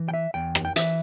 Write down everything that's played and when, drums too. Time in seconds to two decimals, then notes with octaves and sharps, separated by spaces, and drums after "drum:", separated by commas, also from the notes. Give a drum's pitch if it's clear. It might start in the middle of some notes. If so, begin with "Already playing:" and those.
Already playing: E3
0.09 G5
0.14 E5
0.34 E2 G5
0.55 drum: rim click
0.65 G5
0.76 E3 E5, drum: hi-hat